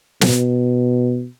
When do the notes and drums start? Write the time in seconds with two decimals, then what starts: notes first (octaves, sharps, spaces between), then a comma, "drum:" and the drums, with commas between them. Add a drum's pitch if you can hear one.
0.21 B2, drum: snare